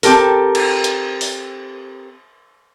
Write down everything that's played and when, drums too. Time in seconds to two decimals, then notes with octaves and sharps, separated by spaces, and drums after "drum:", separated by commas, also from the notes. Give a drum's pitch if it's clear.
0.03 C4 G4 A4 A#4, drum: open hi-hat
0.55 drum: cymbal
0.84 drum: hi-hat
1.21 drum: open hi-hat